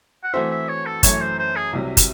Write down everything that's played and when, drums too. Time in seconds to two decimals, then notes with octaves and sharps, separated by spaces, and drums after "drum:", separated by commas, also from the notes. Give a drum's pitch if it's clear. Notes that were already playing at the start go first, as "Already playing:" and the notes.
0.24 F#5
0.33 E3 A3 C4 F#4 C5 E5
0.51 E5
0.68 C#5
0.86 A4
1.03 F#2 E3 A3 C#5, drum: kick, hi-hat
1.21 C5
1.39 C5
1.56 G#4
1.73 C2 C3 F#3
1.97 drum: kick, hi-hat